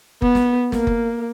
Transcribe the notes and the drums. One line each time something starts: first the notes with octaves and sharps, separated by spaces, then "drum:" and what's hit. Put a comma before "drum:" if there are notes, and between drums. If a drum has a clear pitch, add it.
B3, drum: kick F#1
drum: snare
A#3, drum: snare
drum: kick F#1